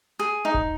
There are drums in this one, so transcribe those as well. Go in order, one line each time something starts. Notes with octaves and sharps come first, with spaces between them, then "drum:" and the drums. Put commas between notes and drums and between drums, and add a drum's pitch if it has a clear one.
G#4
D#4
drum: kick E1